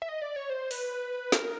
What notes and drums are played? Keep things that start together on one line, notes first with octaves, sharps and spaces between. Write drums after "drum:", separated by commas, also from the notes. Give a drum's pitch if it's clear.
E5
D#5
D5
C#5
C5
B4, drum: open hi-hat
A#4, drum: snare